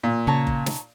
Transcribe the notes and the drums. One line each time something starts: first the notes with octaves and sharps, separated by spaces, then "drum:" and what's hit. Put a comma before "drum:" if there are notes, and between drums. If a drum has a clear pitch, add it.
A#2
C#3 C#5 A5 A#5
drum: kick F#1
drum: snare